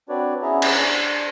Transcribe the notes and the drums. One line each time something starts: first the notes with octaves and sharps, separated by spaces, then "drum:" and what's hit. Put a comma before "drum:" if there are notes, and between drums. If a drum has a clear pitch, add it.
C4 D4 F#4 B4 C#5 D5
B3 C#4 E4 G#4 E5 A#5
drum: cymbal
D4 C5